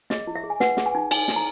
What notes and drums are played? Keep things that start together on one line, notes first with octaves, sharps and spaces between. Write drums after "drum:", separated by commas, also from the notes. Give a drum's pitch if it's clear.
G#4 D#5, drum: snare
E4
E5
G#4
G#5
B4 F#5, drum: snare
G#4 F#5, drum: snare
G#5
D#4
D#4 G#5, drum: cymbal
D#4, drum: snare
A#5